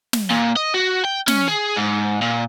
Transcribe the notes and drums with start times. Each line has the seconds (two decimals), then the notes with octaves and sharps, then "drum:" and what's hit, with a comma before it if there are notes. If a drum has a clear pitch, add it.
0.13 drum: snare
0.31 A#2
0.57 D#5
0.74 F#4
1.05 G5
1.28 C#4, drum: snare
1.48 G#4
1.77 G#2
2.22 A#2